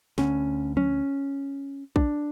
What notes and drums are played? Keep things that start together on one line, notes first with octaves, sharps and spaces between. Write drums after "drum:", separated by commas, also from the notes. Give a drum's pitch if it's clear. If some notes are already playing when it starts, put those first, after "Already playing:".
D2 D3 C#4, drum: snare
C#4, drum: tom F3
D4, drum: kick